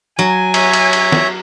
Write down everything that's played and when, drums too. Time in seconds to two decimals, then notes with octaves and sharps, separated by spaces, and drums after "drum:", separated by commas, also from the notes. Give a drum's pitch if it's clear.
0.19 F#3 G#5
0.54 C#5 E5 A#5, drum: cymbal
0.73 drum: cymbal
0.93 drum: cymbal
1.12 drum: snare